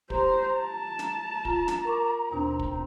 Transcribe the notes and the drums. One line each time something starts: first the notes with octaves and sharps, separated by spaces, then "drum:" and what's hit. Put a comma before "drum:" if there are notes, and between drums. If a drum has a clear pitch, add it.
G4 C5 A#5, drum: kick
A5
A#5, drum: snare
F4, drum: kick
drum: snare
A#4 C#6 D6
D#2 B2 C4 D4
drum: kick